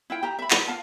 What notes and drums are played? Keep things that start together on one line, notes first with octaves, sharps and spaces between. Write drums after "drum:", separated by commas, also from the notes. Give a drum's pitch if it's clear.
E4 F4 G5
G4 A#5
E5 B5
F#5, drum: clap
F4 F5 A5